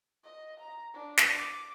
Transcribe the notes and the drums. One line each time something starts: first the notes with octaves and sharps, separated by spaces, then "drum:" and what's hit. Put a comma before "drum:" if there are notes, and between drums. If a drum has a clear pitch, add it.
D#5
A#5
D4
drum: snare
D6